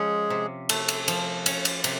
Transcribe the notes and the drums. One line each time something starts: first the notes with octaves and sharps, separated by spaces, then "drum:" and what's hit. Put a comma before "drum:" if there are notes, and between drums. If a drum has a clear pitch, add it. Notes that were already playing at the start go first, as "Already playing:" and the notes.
Already playing: F3 G#3 C#4 G#4
C3
A3, drum: cymbal
drum: cymbal
F3, drum: cymbal
C#4, drum: cymbal
drum: cymbal
C3, drum: cymbal